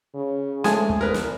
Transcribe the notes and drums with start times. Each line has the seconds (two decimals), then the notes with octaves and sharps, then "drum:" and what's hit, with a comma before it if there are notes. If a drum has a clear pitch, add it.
0.14 C#3
0.64 G#3 A3 G#5 A5 D#6, drum: snare
0.89 drum: kick
1.01 E2 A#4 B4
1.14 drum: snare